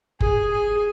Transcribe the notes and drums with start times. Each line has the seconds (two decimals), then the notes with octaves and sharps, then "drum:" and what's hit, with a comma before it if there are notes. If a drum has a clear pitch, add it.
0.20 G#4, drum: kick F#1
0.51 G#4